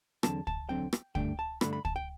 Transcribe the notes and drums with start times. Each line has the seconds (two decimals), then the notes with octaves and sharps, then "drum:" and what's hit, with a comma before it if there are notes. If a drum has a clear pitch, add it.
0.23 E2 D3 F#3 C4 A5, drum: rim click
0.47 A5, drum: kick
0.69 E2 D3 F#3 C4 G5
0.93 drum: rim click
1.15 G2 D3 A3 D4 G5, drum: kick
1.39 A5
1.61 G2 D3 A3 D4 B5, drum: rim click
1.73 B5
1.85 A5, drum: kick
1.96 G5